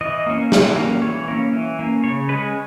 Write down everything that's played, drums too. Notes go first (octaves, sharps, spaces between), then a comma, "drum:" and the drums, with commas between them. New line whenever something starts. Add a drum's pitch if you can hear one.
E3 D#5
A#3 C#4
E3, drum: snare
A#3 C#4
E3 C#5
A#3 C#4
E3
A#3 C#4
C#3 C#5
G#3 C#4 B4